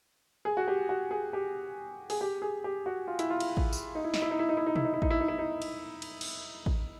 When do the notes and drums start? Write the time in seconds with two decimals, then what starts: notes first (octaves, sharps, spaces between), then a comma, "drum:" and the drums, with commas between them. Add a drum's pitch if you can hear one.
0.45 G#4
0.57 F#4
0.68 G4
0.89 F#4
1.11 G#4
1.33 G4
2.10 G#4, drum: open hi-hat
2.21 G4
2.42 G#4
2.64 G4
2.86 F#4
3.08 F4
3.19 E4, drum: hi-hat
3.30 F4
3.40 drum: cymbal
3.57 drum: kick A1
3.73 drum: tambourine
3.95 D#4
4.04 E4
4.14 D#4, drum: snare
4.22 E4
4.31 D#4
4.39 E4
4.49 D#4
4.57 E4
4.66 D#4
4.76 E4, drum: tom B2
4.85 D#4
4.94 E4
5.02 D#4, drum: kick A1
5.10 E4
5.21 D#4
5.28 E4
5.38 D#4
5.62 drum: cymbal
6.02 drum: cymbal
6.21 drum: cymbal
6.66 drum: kick A1